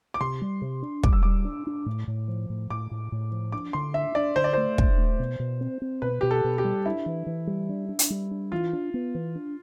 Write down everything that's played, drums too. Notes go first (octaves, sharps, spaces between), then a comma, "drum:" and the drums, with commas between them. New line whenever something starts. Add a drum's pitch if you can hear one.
D6
C3 C6
G3
C3
D4
G3 D6, drum: kick
E6
G3 D6
D4
D4
A2
A2
F3
A2
A2 D6
A2
A2
F3
D4 D6
D3 C6
D4 E5
D4 D5
D3 C5
D5
A3 C5
D4, drum: kick
A3
B2
B2
C4
C4
B2 B4
B2 G4
A4
B2
G4
G3
D4 E4
E3
E3
G3
D4
D4
drum: hi-hat
G3
D4
E3 F4
D4
B3
E3
D4